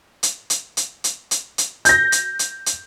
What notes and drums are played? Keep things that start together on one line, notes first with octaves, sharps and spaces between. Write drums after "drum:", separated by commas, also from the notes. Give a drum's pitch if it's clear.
drum: hi-hat
drum: hi-hat
drum: hi-hat
drum: hi-hat
drum: hi-hat
drum: hi-hat
G6 A#6, drum: hi-hat
drum: hi-hat
drum: hi-hat
drum: hi-hat